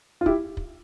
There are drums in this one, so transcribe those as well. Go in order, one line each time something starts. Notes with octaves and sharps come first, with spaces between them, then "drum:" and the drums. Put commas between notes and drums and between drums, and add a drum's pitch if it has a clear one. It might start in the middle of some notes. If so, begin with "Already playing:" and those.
F4
E4 G4, drum: kick
drum: kick